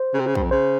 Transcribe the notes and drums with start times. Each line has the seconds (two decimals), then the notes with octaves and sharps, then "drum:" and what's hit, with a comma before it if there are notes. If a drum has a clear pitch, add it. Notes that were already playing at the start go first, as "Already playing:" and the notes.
Already playing: C5
0.14 C#3
0.19 C3
0.27 C#3
0.35 G2, drum: kick A#1
0.43 F2
0.51 C#3 C5